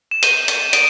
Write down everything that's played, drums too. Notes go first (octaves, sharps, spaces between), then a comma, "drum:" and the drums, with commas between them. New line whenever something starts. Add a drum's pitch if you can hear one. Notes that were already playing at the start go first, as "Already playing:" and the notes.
E7
G6 D#7, drum: hi-hat
G6, drum: hi-hat
D#6 D7, drum: hi-hat